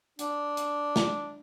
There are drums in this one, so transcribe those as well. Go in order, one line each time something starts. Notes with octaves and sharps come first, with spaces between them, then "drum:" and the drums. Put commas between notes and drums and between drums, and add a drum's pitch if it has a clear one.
D4, drum: hi-hat
drum: hi-hat
drum: snare